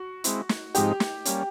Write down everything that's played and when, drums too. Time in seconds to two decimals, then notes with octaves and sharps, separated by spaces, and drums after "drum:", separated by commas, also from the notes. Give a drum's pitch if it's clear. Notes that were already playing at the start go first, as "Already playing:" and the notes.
Already playing: F#4
0.24 G#3 C4 E4, drum: hi-hat
0.49 drum: snare
0.75 G#2 F3 G#3 C4 D#4 G4, drum: hi-hat
1.00 drum: snare
1.25 G3 A#3 C#4, drum: hi-hat